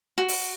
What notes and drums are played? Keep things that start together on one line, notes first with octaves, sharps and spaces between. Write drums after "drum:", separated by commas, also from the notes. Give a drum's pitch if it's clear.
F#4
drum: open hi-hat